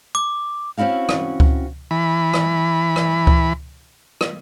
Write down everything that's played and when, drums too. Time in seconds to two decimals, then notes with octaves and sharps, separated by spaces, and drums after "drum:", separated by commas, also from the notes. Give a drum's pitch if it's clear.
0.15 D6
0.78 C4 C#4 E4 F#4 F5
1.09 drum: rim click
1.40 drum: kick C#2
1.91 E3 B5
2.34 drum: rim click
2.96 drum: rim click
3.27 drum: kick C#2
4.21 drum: rim click